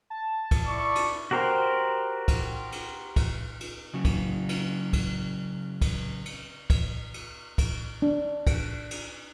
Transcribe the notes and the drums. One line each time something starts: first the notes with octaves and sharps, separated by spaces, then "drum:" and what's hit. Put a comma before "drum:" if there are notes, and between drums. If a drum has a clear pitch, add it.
A5
drum: kick, cymbal
E4 D5 C#6
drum: cymbal
F#4 G4 A#4 C5 G5
drum: kick, cymbal
drum: cymbal
drum: kick, cymbal
drum: cymbal
C#3 F#3
drum: kick, cymbal
drum: cymbal
drum: kick, cymbal
drum: kick, cymbal
drum: cymbal
drum: kick, cymbal
drum: cymbal
drum: kick, cymbal
D4
drum: kick, cymbal
drum: cymbal